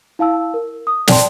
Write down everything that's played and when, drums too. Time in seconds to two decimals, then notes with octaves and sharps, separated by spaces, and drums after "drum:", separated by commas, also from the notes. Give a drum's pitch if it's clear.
0.19 E4 F5 A5 E6
0.54 A#4
0.87 D#6
1.07 D5 G5 A5 C6, drum: snare